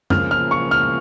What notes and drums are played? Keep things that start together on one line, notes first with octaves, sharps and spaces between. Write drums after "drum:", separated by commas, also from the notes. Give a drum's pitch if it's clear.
C#3 F3 A#3 F6, drum: tom F#2
F6
C#6
F6